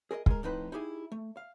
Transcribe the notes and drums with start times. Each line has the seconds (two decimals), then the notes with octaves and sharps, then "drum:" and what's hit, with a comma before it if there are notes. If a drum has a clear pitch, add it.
0.11 G#4 A#4 C5 D#5
0.26 G#3 A#4, drum: kick
0.43 F2 A2 D#4 B4 C5 B5
0.72 D#4 E4 G4 G#4
1.12 A3
1.37 F5